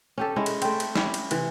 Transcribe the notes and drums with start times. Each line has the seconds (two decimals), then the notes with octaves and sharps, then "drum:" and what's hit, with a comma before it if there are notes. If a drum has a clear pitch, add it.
0.18 C#4 G4 A4
0.36 G#3 C#4 E4
0.46 drum: cymbal
0.62 A3 C4, drum: cymbal
0.80 drum: cymbal
0.96 C#4 E4 G4, drum: snare
1.14 drum: cymbal
1.31 C3 E3, drum: cymbal